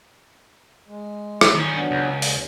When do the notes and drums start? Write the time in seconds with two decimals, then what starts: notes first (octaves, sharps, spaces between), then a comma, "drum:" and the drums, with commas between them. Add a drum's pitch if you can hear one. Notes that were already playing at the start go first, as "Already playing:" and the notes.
0.88 G#3
1.41 drum: rim click
1.55 D#3 C#4
1.75 F#3 B3 D4
1.91 C#2
2.22 D#2, drum: open hi-hat